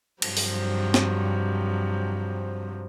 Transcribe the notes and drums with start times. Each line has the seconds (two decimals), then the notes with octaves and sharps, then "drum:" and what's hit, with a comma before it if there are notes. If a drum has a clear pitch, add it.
0.22 G2 C3 F3 F#3, drum: cymbal
0.37 drum: open hi-hat
0.94 drum: snare